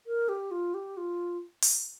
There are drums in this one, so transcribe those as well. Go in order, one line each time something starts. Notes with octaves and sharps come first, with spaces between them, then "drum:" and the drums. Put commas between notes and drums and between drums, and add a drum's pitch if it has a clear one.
A#4
G4
F4
G4
F4
drum: open hi-hat